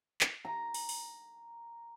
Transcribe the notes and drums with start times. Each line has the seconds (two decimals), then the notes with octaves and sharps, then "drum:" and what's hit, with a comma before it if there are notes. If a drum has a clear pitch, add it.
0.21 drum: clap
0.45 A#5
0.74 drum: open hi-hat
0.89 drum: open hi-hat